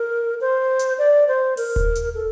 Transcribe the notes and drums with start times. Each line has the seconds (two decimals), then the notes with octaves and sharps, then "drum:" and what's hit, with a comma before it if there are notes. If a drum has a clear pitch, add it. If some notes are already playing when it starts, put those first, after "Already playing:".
Already playing: A#4
0.41 C5
0.79 drum: hi-hat
0.98 D5
1.28 C5
1.57 A#4, drum: open hi-hat
1.76 drum: kick D#1
1.95 drum: hi-hat
2.15 A4